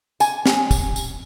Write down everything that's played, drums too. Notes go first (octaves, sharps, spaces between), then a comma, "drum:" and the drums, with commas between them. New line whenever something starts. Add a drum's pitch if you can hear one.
G#5, drum: tambourine
drum: snare
drum: kick, tambourine
drum: tambourine